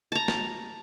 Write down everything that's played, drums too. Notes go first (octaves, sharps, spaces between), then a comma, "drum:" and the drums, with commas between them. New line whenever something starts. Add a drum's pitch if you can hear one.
A5 A#5
drum: snare